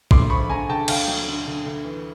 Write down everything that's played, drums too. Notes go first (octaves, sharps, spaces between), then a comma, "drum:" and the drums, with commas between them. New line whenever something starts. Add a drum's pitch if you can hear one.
D2 C6 D6, drum: kick
F3 B5 C#6
D3 G#5 A#5
D2 G5 A5
D2 F5 G5, drum: cymbal
F#3
D3
D2
D2
E3